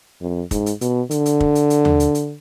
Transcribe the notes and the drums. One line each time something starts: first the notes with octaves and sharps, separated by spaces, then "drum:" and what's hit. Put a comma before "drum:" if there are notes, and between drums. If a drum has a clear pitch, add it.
F2
G#2, drum: kick, hi-hat
drum: hi-hat
B2, drum: hi-hat
D3, drum: hi-hat
drum: hi-hat
drum: kick
drum: hi-hat
drum: hi-hat
drum: tom D#2
drum: hi-hat
drum: hi-hat